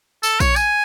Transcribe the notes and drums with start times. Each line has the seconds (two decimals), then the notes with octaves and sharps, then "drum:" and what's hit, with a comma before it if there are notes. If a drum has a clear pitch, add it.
0.23 A4, drum: tambourine
0.40 C#5, drum: kick A#1, tambourine
0.56 G#5, drum: tambourine